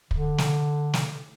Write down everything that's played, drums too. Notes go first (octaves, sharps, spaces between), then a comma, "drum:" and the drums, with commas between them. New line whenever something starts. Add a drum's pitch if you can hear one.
D3, drum: kick
drum: snare
drum: snare